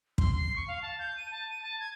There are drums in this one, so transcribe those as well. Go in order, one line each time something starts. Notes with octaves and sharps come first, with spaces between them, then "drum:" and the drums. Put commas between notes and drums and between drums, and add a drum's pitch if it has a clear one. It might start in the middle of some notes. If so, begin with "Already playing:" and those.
C6, drum: kick
C7
C#6
F5
A5
G6
D#7
A5
D#7
A5
G#6